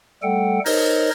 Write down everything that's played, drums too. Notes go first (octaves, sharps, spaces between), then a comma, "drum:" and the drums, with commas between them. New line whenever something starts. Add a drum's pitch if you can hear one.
G3 A3 A4 F#5 G5
D#4 A#4 C5 C#5 D#5, drum: open hi-hat